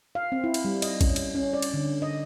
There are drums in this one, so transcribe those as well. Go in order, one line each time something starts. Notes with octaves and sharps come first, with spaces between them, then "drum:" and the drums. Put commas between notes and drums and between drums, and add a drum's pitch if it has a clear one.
F5
C4
E4
drum: cymbal
G3
D#5, drum: cymbal
C#4, drum: kick A#1, cymbal
drum: cymbal
C#4
D5
drum: cymbal
D3
D#5